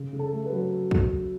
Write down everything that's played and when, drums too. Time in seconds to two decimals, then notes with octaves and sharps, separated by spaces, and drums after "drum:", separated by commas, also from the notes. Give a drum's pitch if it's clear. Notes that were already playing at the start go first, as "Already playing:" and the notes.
Already playing: C#3
0.13 C#3
0.19 A4
0.33 A3
0.46 B4
0.52 F#3
0.91 drum: kick